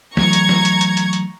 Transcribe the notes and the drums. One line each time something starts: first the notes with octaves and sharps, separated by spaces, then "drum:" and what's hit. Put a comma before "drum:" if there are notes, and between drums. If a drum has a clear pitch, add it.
E3 F#3 A3 A#5 C#6 G#6, drum: snare
drum: hi-hat
drum: snare
drum: hi-hat
drum: hi-hat
drum: hi-hat
drum: hi-hat